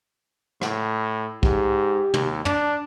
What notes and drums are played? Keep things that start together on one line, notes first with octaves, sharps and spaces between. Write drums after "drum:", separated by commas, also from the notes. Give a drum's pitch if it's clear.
A2, drum: rim click
G#2 G4, drum: kick
D#2, drum: tom
D4, drum: tom